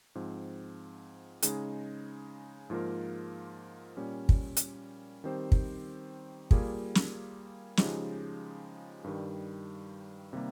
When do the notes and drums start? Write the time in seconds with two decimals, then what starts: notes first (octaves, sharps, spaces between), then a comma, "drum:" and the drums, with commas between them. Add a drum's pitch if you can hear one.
0.15 G#2 F3 C4
1.42 C#3 G#3 D#4 G#4, drum: hi-hat
2.70 G#2 F3 A#3 F4 A#4
3.97 A#2 G3 C#4
4.29 drum: kick
4.57 drum: hi-hat
5.24 D#3 G3 C4 G4 C5
5.52 drum: kick
6.51 G3 A#3 F4 G#4, drum: kick
6.95 drum: snare
7.77 C#3 F3 G#3 D#4 G4, drum: snare
9.04 G2 D#3 G3
10.33 C3 D#3 G3 A#3